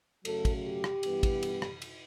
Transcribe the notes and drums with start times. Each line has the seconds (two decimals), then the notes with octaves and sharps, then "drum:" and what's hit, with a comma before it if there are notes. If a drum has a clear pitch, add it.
0.25 F#2 C#3 F#3 A3 A4, drum: cymbal
0.45 drum: kick, cymbal
0.64 G4
0.84 drum: rim click
1.03 G2 E3 B3, drum: cymbal
1.23 drum: kick, cymbal
1.43 drum: cymbal
1.62 drum: rim click
1.82 drum: cymbal